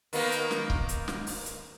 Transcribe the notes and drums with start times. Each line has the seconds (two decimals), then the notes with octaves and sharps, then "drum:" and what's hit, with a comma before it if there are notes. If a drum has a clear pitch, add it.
0.13 D#3 A#3 B3, drum: open hi-hat
0.32 drum: hi-hat
0.51 drum: snare
0.70 drum: kick C#1
0.89 drum: hi-hat
1.08 drum: snare
1.27 drum: open hi-hat
1.46 drum: hi-hat